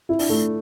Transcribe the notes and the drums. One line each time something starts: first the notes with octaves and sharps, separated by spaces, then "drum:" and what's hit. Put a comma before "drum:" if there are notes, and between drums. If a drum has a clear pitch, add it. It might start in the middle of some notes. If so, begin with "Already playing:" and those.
E4
D4, drum: open hi-hat
A3